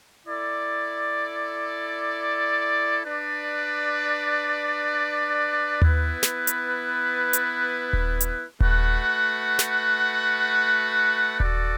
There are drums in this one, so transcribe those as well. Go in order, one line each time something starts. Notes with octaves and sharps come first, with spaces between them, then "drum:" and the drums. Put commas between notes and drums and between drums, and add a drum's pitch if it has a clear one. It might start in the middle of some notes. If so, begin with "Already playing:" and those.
E4 A4 D5
D4 B4 D5
B3 E4 B4, drum: tom D#2
drum: snare
drum: hi-hat
drum: hi-hat
drum: kick D#1
drum: hi-hat
A3 F#4 B4 F#5, drum: kick D#1
drum: snare
F#4 A4 D5, drum: kick D#1